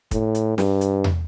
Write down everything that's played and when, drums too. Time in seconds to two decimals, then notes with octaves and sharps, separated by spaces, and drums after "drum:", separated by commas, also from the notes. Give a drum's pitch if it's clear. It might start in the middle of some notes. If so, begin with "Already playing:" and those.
0.11 A2, drum: kick, hi-hat
0.35 drum: hi-hat
0.58 G2, drum: snare
0.81 drum: hi-hat
1.04 drum: tom E2